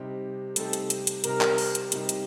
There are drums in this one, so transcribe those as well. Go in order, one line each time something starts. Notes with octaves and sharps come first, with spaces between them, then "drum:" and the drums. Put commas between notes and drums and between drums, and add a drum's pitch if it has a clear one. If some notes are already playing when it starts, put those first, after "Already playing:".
Already playing: C3 G3 C4 D#4 G4
C3 G3 C4 D#4 G4 A4, drum: hi-hat
drum: hi-hat
drum: hi-hat
drum: hi-hat
C3 G3 C4 D#4 G4 A#4, drum: hi-hat
drum: clap
drum: open hi-hat
drum: hi-hat
C3 G3 C4 D#4 G4, drum: hi-hat
drum: hi-hat